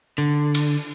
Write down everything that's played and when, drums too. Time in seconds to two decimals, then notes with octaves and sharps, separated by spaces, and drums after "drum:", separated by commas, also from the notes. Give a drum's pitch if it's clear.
0.18 D3
0.55 drum: cymbal